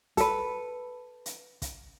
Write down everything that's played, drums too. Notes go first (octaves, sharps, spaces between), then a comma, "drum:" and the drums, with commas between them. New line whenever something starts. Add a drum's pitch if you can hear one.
A4 B4, drum: kick, hi-hat
drum: hi-hat
drum: kick, hi-hat